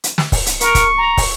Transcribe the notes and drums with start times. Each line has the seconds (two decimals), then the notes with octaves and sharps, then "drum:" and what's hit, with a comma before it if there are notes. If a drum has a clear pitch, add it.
0.04 drum: hi-hat
0.18 drum: snare
0.32 drum: kick, open hi-hat
0.46 drum: hi-hat
0.61 A#4 C#6, drum: hi-hat
0.75 drum: kick, hi-hat
0.97 A#5
1.17 drum: kick, open hi-hat